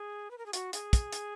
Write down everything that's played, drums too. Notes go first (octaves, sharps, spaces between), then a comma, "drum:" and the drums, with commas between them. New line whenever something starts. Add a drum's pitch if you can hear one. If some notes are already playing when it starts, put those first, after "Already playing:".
Already playing: G#4
B4
A#4
G#4
F#4, drum: hi-hat
G#4, drum: hi-hat
drum: kick, hi-hat
drum: hi-hat